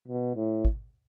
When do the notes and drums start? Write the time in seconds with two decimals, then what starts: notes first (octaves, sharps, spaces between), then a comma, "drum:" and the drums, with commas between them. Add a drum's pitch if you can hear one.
0.08 B2
0.36 A2
0.65 drum: kick